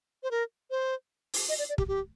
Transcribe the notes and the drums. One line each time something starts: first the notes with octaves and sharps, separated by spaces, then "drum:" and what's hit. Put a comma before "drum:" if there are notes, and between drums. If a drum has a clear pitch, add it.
C5
A#4
C5
drum: open hi-hat
D#5
D5
D5
G4, drum: kick
G4